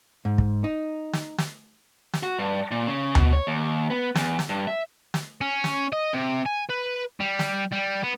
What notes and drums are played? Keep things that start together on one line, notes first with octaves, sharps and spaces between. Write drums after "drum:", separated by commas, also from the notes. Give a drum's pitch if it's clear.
G#2
drum: kick
D#4
drum: snare
drum: snare
drum: snare
F#4
G2
A#2
C#3
B2, drum: tom D2
C#5
D#2
B3
E2, drum: snare
drum: snare
G2
E5
drum: snare
C#4
drum: snare
D#5
C3
G#5
B4
G3
drum: snare
G3
B3